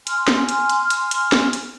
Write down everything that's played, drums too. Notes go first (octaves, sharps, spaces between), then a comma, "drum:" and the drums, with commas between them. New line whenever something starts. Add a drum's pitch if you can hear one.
G#5 C6 F6, drum: hi-hat
drum: snare
drum: hi-hat
drum: hi-hat
drum: hi-hat
drum: hi-hat
drum: snare
drum: hi-hat